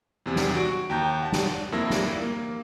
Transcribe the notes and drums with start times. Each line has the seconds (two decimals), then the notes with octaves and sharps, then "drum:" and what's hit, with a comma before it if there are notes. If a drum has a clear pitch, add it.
0.26 E2 C3 G#5
0.36 drum: snare
0.55 F#4 D7
0.90 D#2 G5 A#5 G6
1.23 F#5 A5
1.32 drum: snare
1.72 F2 A#3 E4 E6 A#6
1.90 drum: snare
2.22 A#3